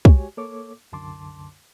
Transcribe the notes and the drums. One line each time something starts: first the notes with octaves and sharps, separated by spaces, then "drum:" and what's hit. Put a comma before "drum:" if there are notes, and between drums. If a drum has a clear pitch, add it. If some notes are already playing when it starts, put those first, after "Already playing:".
G#3 F#4 G4 C#5 G#5, drum: kick
A#3 A4 C#5 D6
C2 F#2 D3 A5 C6 D6